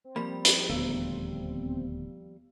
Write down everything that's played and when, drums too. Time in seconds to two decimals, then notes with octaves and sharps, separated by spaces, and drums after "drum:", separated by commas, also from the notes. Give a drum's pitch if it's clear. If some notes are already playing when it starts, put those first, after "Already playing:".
0.04 C4
0.16 F3 G3 A#3 B5
0.45 drum: hi-hat
0.70 D#1 G#1 D2 B3